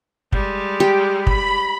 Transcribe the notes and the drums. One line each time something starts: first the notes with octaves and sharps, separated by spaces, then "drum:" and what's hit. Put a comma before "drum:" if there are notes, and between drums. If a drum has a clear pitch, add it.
G3 G#3, drum: kick
G4
B5, drum: kick